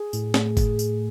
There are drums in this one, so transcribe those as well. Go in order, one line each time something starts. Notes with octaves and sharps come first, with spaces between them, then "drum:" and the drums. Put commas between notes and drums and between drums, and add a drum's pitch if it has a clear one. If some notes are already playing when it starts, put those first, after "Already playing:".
Already playing: G#4
A2, drum: tambourine
A3, drum: snare
drum: kick G1, tambourine
drum: tambourine